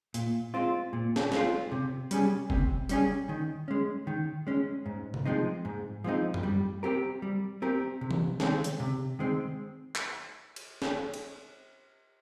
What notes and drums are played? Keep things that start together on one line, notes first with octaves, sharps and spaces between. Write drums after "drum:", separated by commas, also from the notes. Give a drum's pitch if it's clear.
A#2, drum: hi-hat
G#3 C4 F4
A#2
drum: snare
G#3 C4 F4, drum: snare
C3
G3 C#4 G#4, drum: hi-hat
C3, drum: kick
G3 C#4 G#4, drum: hi-hat
D#3
G#3 C#4
D#3
G#3 C#4
G#2
drum: tom C3
F3 G#3 C4 D#4
G#2
F3 G#3 C4 D#4
drum: tom F#2
G3
C4 G4 A#4
G3
C4 G4 A#4
C3
drum: tom E3
D#3 G#3 C4, drum: snare
drum: hi-hat
C3
D#3 G#3 C4
drum: clap
drum: cymbal
drum: snare
drum: cymbal